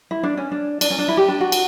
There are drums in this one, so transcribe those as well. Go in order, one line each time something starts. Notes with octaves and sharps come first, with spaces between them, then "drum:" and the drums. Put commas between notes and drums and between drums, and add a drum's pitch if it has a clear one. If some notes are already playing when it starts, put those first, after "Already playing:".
E4
D4
C#4
D4
D4, drum: cymbal
C#4
D4
E4
G4
D4
F#4
drum: cymbal